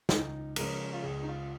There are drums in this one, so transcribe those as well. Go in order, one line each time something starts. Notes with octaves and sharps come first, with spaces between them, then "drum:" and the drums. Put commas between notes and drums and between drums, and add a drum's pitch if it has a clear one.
C#2 D#4, drum: snare
C#3 F3 G#3 A#4, drum: cymbal
F4
C#2 G#4
D#4
F4